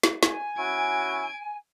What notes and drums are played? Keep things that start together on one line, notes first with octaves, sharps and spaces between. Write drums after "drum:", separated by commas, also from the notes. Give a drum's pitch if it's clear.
drum: snare
G#5, drum: snare
C#4 E4 F#4 G#6 D7